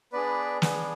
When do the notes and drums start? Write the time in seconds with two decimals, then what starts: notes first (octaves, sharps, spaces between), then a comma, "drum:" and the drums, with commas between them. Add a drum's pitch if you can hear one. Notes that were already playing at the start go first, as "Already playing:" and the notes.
0.12 B3 D4 G#4 B4 D5
0.62 B3 D4 G#4, drum: snare